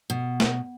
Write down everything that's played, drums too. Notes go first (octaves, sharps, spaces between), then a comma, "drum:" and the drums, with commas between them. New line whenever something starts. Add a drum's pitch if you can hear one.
B2
drum: snare